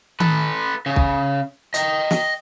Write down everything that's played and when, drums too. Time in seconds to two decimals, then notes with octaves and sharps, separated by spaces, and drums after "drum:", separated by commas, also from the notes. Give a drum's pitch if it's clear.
0.20 A4 B4, drum: tom D#3
0.86 C#3
0.96 drum: kick
1.74 D#5 G5, drum: hi-hat
2.11 drum: snare